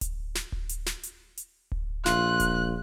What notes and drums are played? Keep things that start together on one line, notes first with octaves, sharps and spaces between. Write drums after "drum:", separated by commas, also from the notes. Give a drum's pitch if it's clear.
drum: kick D1, hi-hat
drum: snare
drum: kick D1
drum: hi-hat
drum: snare
drum: hi-hat
drum: hi-hat
drum: kick D1
A#1 F4 F#6, drum: snare
drum: kick D1, hi-hat